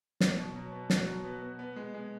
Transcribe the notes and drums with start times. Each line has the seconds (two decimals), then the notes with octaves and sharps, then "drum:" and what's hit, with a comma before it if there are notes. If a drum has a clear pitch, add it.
0.20 B3, drum: snare
0.38 B2
0.56 F#3
0.72 B3
0.90 F#4, drum: snare
1.07 F#3
1.24 B3
1.42 B3
1.59 B3
1.76 G#3
1.94 G#3